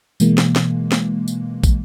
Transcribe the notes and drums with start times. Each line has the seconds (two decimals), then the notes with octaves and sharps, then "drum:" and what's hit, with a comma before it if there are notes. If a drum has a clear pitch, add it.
0.20 B2 E3 G#3 A#3, drum: tambourine
0.38 drum: snare
0.56 drum: snare
0.92 drum: snare
1.28 drum: tambourine
1.64 drum: kick, tambourine